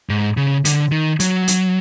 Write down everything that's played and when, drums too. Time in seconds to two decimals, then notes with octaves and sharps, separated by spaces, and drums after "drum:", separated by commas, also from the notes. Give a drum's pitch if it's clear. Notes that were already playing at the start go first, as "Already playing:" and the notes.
0.10 G#2
0.37 C#3
0.65 D3, drum: hi-hat
0.92 D#3
1.20 F#3, drum: hi-hat
1.48 drum: hi-hat